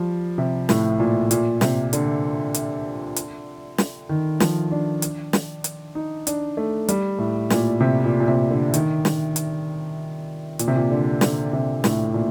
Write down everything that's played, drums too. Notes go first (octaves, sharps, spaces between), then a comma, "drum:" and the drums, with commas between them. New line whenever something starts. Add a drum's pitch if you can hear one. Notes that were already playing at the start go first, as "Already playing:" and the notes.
Already playing: F3 G3
C3
A2, drum: snare
A#2
A#2, drum: hi-hat
C3, drum: snare
D3, drum: hi-hat
drum: hi-hat
drum: hi-hat
drum: snare
D#3
F3, drum: snare
D4
drum: hi-hat
drum: snare
drum: hi-hat
D#4
D4, drum: hi-hat
A3
G3, drum: hi-hat
A2
A#2, drum: snare
C3
A#2
A#2
C3
D3
D#3, drum: hi-hat
drum: snare
drum: hi-hat
A#2, drum: hi-hat
C3
A#2
D3
D3, drum: snare
C3
A2, drum: snare
A#2